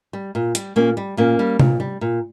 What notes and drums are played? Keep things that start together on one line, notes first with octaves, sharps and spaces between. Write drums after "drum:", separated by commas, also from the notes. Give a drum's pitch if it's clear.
G3
A#2
G3, drum: hi-hat
A#2 A#3 C#4
G3
A#2 A#3 C#4
G3
A#2, drum: tom C3
G3
A#2